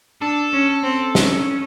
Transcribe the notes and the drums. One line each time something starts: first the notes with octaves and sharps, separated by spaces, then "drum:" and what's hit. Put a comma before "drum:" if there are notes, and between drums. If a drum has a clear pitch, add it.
D4 A4
C#4
C4
C#4, drum: snare